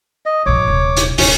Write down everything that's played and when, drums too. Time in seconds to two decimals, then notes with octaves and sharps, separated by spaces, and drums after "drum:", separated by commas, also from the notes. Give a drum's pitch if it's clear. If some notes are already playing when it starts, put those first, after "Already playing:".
0.26 D#5
0.46 A#1 G2 C#5 D6
0.68 D#1 C3
0.97 drum: hi-hat
1.18 D1 C#3 C#4, drum: open hi-hat